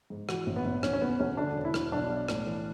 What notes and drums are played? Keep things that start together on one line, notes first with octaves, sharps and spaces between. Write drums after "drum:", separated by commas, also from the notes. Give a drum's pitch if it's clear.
G#2
E3 F#4, drum: rim click
A1
B3
A1
E1 C#4, drum: rim click
C#4
E1 B3
D2 C#4
D3 D4
E1
E4
E1, drum: rim click
B1 D4
B1
A2, drum: rim click
E3